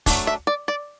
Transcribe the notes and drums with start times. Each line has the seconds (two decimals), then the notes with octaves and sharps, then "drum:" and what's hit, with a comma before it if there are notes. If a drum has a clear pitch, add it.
0.06 F#3 A3 D4, drum: kick, open hi-hat
0.27 E5
0.47 D5
0.68 D5